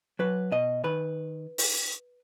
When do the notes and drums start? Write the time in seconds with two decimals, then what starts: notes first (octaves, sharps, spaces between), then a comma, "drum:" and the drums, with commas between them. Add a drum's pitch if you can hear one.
0.19 F#3 B4
0.52 B2 D#5
0.84 D#3 B4
1.58 drum: open hi-hat